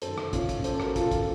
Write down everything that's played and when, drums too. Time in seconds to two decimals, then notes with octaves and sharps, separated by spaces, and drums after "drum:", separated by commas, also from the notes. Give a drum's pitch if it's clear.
0.02 F#2 D#3 A4 C5, drum: hi-hat
0.18 drum: rim click
0.33 C#4 F4, drum: kick, hi-hat
0.49 drum: kick, hi-hat
0.64 A4 C5, drum: hi-hat
0.80 F#4 A#4, drum: rim click
0.96 F4 A4, drum: kick, hi-hat
1.11 drum: kick, hi-hat